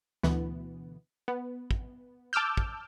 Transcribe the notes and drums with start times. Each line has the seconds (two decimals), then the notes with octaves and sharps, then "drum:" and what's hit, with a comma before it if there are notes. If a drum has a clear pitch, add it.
0.23 D2 B2 E3 B3, drum: snare
1.28 B3
1.71 drum: kick
2.33 A5 D6 E6 F6 G6
2.57 drum: kick